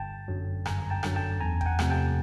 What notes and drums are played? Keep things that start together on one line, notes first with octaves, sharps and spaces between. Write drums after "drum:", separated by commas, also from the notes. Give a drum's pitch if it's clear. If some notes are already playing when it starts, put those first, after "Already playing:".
Already playing: G1 G5 A5
F#2 D3 F#3
G1 G#5 A#5, drum: rim click
G5 A5
F#2 D3 F#3, drum: rim click
G5 A5
E2 G#5 A#5
G5, drum: kick G#1
F#5 G#5
C3 F3 A3, drum: rim click
G5 A5